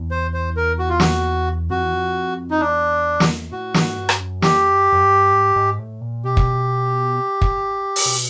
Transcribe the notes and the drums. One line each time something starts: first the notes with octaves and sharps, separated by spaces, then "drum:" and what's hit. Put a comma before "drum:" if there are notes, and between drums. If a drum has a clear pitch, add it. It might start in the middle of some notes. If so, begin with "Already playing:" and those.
Already playing: E2
C5
C5
A#4
F#4
F4
F#4, drum: snare
F2 F#4
E2
F2
D#4
E2 D4
drum: snare
A2 F#4
G#2, drum: snare
G2
drum: rim click
F#2
F2 G4, drum: snare
F#2
F#2
G2
G#2
G#2
A2
A#2
B2 G4
drum: kick
drum: kick
drum: open hi-hat
B2